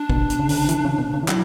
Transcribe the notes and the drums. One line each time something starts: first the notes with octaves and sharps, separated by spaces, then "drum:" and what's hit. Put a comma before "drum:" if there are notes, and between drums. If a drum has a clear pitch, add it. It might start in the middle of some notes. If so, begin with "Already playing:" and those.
Already playing: D4
B2, drum: kick
drum: hi-hat
C#3
D3, drum: open hi-hat
C#3
E3, drum: hi-hat
C#3
B2
C#3
E3
F#3 E4, drum: clap